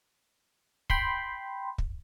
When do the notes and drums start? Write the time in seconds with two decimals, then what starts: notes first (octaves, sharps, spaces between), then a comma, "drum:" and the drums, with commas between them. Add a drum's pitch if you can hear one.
0.90 G5 B5 C6, drum: kick
1.78 drum: kick